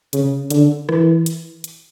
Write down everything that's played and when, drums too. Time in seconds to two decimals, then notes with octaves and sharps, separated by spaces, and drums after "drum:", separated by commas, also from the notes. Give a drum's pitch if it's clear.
0.13 C#3, drum: hi-hat
0.50 D3, drum: hi-hat
0.89 E3, drum: rim click
1.26 drum: hi-hat
1.64 drum: hi-hat